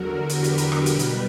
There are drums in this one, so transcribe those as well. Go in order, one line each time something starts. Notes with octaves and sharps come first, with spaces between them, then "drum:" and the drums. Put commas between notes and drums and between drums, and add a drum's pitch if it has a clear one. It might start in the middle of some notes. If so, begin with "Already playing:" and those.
Already playing: E2 D3 F#3 F#4 A#4
G4 B4, drum: hi-hat
drum: hi-hat
drum: hi-hat
drum: rim click
B2 G3, drum: hi-hat
drum: hi-hat